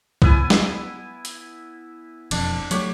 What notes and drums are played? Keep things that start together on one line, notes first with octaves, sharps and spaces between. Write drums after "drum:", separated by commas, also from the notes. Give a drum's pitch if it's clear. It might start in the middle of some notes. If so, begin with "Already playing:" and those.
B3 E4 G#5, drum: kick C2
drum: snare
drum: hi-hat
E1 F2 D4, drum: cymbal
F#3 A3 G4 C#5, drum: hi-hat